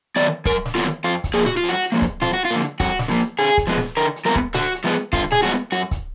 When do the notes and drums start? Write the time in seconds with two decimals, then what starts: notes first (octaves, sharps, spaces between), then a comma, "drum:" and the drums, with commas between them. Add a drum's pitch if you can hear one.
0.16 D#3 F#3 B3 D5
0.45 F#2 A#4, drum: kick C#1, hi-hat
0.65 drum: snare
0.75 D#3 F#3 B3 F4
0.85 drum: hi-hat
1.04 F2 F4, drum: hi-hat
1.24 drum: kick C#1, hi-hat
1.34 D3 F3 A#3 G#4
1.46 F#4, drum: snare
1.57 F4
1.63 F2, drum: hi-hat
1.69 F#4
1.82 drum: hi-hat
1.92 D3 F3 A#3
2.02 drum: kick C#1, hi-hat
2.21 F2 F4, drum: snare
2.33 F#4
2.45 F4
2.51 D3 F3 A#3
2.60 drum: hi-hat
2.80 F2 F#4, drum: kick C#1, hi-hat
2.99 drum: snare
3.08 D3 F3 A#3
3.19 drum: hi-hat
3.39 D3 G#4
3.58 drum: kick C#1, hi-hat
3.67 F3 G#3 B3
3.77 drum: snare
3.97 D3 A#4, drum: hi-hat
4.16 drum: hi-hat
4.25 F3 G#3 B3 A#4
4.35 drum: kick C#1
4.54 D3 F#4, drum: snare
4.74 drum: hi-hat
4.84 F3 G#3 B3
4.94 drum: hi-hat
5.13 D3 F4, drum: kick C#1, hi-hat
5.32 G#4, drum: snare
5.43 F3 G#3 B3 F#4
5.52 drum: hi-hat
5.72 F#2 F#4, drum: hi-hat
5.91 drum: kick C#1, hi-hat